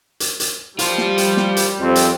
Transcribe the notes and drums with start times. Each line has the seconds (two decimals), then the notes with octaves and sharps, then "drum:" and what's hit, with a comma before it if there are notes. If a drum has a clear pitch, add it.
0.20 drum: hi-hat
0.40 drum: hi-hat
0.79 G3 F4 C5, drum: hi-hat
0.98 drum: snare
1.18 drum: hi-hat
1.37 drum: snare
1.57 drum: hi-hat
1.81 F2 C4
1.95 drum: hi-hat